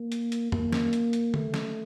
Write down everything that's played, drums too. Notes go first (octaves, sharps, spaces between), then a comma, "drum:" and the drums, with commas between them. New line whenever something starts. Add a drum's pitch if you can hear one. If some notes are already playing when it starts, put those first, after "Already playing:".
Already playing: A#3
drum: hi-hat
drum: hi-hat
A#3, drum: tom F2
drum: snare
drum: hi-hat
drum: hi-hat
A3, drum: tom D3
drum: snare